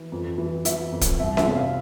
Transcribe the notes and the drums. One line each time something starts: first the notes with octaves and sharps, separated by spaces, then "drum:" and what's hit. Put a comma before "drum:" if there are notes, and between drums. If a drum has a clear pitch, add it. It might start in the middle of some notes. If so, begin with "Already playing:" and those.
Already playing: E3
F2
E3
E3 E5, drum: hi-hat
F2
drum: kick, hi-hat
C2 E5
E5, drum: snare C#4
C3
F5